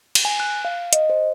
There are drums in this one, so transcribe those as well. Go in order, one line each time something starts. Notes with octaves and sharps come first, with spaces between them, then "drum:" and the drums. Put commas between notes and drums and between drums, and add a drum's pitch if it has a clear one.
drum: cymbal
G#5
F#6
F5
D#5, drum: hi-hat
C5